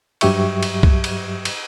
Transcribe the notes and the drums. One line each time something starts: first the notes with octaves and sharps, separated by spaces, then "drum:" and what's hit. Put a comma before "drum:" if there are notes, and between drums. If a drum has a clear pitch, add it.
G2 F#3 G4 E5 C#6, drum: cymbal
drum: cymbal
drum: kick
drum: cymbal
drum: cymbal